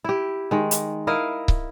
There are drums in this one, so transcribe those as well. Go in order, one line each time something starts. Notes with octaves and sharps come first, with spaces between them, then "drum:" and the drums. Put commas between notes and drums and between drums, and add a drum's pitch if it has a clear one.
E4 G4
D#3 G#3
drum: hi-hat
E4 A#4 D#5 F5
drum: kick